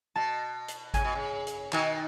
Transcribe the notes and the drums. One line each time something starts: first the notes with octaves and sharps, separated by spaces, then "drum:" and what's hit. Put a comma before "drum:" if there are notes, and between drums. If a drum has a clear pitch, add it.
B2 A5
drum: hi-hat
C#3 G#5, drum: kick G#1, hi-hat
B2
C#3
drum: hi-hat
B2 D#3 G#5, drum: clap